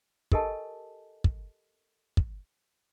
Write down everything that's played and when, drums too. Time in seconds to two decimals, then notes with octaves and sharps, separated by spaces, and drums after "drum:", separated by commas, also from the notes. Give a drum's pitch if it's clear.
0.32 G4 A4 A#4 D#5 G#5 A5, drum: kick
1.24 drum: kick
2.17 drum: kick